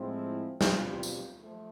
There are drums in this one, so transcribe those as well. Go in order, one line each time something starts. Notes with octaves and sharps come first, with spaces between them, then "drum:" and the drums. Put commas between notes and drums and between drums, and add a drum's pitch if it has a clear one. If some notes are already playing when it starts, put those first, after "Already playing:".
Already playing: A2 F3 G#3 C4 E4
B2 G3 C4 F4, drum: snare
drum: tambourine
F3 A3